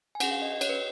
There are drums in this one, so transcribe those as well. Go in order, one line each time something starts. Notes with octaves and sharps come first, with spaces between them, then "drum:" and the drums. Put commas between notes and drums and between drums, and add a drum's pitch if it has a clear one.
G#5
C#4 G#4 F#5, drum: cymbal
F5
D#5
D#5
C#5, drum: cymbal
B4